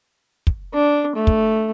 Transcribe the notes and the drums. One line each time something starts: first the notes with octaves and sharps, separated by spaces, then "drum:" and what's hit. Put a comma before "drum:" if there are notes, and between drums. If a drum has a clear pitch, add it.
drum: kick
D4
A3
drum: kick